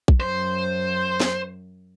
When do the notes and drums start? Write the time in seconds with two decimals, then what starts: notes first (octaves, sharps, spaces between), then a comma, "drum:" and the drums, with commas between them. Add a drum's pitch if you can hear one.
0.08 drum: kick A#1
0.20 F#2 C5
1.20 drum: snare